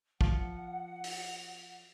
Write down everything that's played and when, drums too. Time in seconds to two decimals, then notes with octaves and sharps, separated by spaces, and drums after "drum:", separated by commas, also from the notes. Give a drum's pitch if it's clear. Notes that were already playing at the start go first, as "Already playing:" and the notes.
0.21 F3 F#5, drum: kick
1.04 drum: open hi-hat